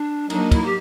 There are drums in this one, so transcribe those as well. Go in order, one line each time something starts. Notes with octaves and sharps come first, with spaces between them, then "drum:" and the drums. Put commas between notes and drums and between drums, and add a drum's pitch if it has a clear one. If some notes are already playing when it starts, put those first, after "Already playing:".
Already playing: D4
F#3 A#3 D4 D#4, drum: cymbal
E4, drum: kick, cymbal
G4